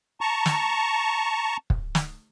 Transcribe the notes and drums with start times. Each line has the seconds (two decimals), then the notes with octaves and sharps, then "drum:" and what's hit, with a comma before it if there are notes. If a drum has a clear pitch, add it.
0.21 A5 A#5 C#6
0.46 drum: snare
1.70 drum: kick
1.95 drum: snare